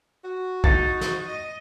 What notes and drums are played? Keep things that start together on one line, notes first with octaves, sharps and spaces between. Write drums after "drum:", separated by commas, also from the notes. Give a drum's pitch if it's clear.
F#4
D#4 A6, drum: kick
drum: snare
D#5